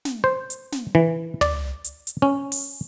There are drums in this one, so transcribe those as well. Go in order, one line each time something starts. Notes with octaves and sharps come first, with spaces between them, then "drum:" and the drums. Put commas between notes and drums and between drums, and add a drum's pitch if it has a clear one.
drum: snare
C5
drum: hi-hat
drum: snare
E3
D5, drum: tom
drum: hi-hat
drum: hi-hat
C#4
drum: open hi-hat